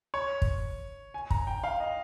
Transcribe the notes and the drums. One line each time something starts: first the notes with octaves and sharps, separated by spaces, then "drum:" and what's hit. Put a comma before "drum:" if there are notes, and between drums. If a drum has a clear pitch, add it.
C#5
drum: kick
G#5
A#5, drum: kick
G5
F5
D#5